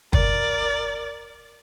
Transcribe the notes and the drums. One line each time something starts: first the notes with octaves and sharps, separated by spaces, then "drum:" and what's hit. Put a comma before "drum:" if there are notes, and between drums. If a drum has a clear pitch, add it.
A#4 D5, drum: kick